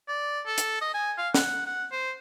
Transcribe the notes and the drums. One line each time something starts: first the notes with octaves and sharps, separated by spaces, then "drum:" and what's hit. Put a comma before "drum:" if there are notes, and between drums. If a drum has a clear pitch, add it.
D5
A4
drum: hi-hat
D#5
G#5
F5
F#5, drum: snare
F#5
C5